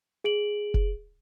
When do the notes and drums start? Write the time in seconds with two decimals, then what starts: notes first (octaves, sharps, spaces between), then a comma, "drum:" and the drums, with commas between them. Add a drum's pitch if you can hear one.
0.24 G#4 D7 F#7
0.74 drum: kick F1